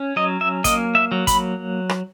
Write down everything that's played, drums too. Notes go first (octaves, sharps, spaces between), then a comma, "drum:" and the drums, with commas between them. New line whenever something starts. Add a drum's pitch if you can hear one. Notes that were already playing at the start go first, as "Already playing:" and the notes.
Already playing: C#4
F#3 D#5
E5
A#3 D#5, drum: kick, hi-hat
E5
F#3
B5, drum: kick, hi-hat
drum: rim click